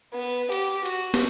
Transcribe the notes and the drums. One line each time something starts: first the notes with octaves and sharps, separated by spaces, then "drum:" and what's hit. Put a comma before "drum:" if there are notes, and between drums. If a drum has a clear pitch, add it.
B3
G4, drum: cymbal
F#4, drum: cymbal
drum: snare